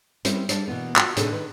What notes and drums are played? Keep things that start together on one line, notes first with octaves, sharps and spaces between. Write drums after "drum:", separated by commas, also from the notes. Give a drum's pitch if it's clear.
G3 C4 C#4 E4, drum: hi-hat
G3 D4, drum: hi-hat
B2 E3 A#3 B3
F4 F#4, drum: clap
A2 C3 D#3 A3 D4 G#4, drum: hi-hat
D#3 B4